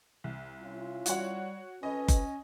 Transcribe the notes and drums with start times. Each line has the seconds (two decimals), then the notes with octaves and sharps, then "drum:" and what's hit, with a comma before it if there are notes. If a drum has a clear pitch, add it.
0.24 C2
0.62 C#4 E4 F4
1.06 G3 F#4 C#5 F#5, drum: hi-hat
1.83 F2 C#4 A4 B4 D#5
2.08 drum: kick F#1, hi-hat